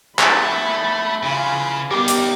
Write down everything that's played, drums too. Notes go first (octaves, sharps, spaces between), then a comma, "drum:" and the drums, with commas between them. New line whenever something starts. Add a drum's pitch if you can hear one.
A3 E4 B5, drum: clap
C#3 E3 F4 G#4
G3 A#3 B3 D#4 G4 A#4 G5 D6
drum: hi-hat